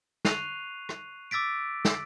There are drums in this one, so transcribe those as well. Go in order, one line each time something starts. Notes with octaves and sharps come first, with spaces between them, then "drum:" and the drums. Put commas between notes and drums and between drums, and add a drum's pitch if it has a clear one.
C#6 F#6 C7 D#7 F7, drum: snare
drum: rim click
D6 E6 A6 B6 D7
drum: snare